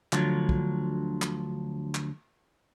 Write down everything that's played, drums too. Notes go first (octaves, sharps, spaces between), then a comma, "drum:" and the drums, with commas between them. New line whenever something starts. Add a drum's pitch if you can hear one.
D2 D3 F3 F#3, drum: clap
drum: kick
drum: clap
drum: clap